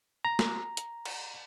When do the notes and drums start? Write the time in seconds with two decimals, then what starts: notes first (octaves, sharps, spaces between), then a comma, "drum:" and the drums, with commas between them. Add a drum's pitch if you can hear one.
0.25 A#5
0.39 drum: snare
0.77 drum: hi-hat
1.05 drum: cymbal